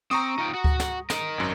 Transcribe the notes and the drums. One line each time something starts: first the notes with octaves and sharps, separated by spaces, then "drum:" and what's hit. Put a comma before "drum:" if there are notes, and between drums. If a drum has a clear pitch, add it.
C4 A#5 C#6 D#6
D#4 F4 G5
F#4
drum: kick D2
drum: snare
A#4 D#5, drum: snare
G#1 F#2